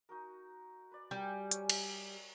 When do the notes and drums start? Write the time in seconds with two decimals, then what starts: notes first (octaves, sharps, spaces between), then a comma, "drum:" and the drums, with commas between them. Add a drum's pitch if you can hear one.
0.09 D#4 F#4 A#4
0.91 B4 D5
1.11 G3 A#4 G#5
1.51 C#5 G#5, drum: hi-hat
1.70 drum: cymbal